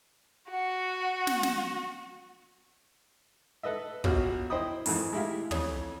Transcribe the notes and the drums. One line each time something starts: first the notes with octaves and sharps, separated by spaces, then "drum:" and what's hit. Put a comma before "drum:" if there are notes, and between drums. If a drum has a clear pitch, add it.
F#4 F#5
drum: snare
drum: snare
A4 B4 D#5 E5
A#1 B2 C#4 F#4 G4 F6, drum: kick
E4 C5 D#5 G5 B5 D#6
F2 G#2 D#3 E3, drum: open hi-hat
G#3 A3 E4 G4 E5 F5
F2 E3 C#5 D#6, drum: tom